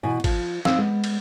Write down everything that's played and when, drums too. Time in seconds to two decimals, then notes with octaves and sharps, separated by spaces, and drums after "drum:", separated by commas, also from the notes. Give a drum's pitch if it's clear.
0.03 B2 E3 G#5
0.24 F3, drum: kick G#1, cymbal
0.65 C4 D#4 F5 E6, drum: snare
0.79 G#3 B3
1.04 drum: cymbal